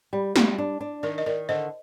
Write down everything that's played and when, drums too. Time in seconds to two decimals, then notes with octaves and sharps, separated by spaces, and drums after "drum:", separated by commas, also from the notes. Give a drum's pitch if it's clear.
0.13 G3
0.36 G3, drum: snare
0.58 D4
0.81 D4
1.03 D#3 A#4 D5
1.18 D#5
1.26 D#3 A#4 D5
1.49 D3 C5 D#5